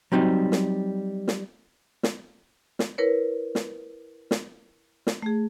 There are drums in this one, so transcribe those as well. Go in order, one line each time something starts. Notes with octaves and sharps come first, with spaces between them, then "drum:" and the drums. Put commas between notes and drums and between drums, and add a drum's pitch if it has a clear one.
F#3 G3 C4 D#4
drum: snare
drum: snare
drum: snare
drum: snare
E4 A#4 B4 C#5
drum: snare
drum: snare
drum: snare
A3 G#4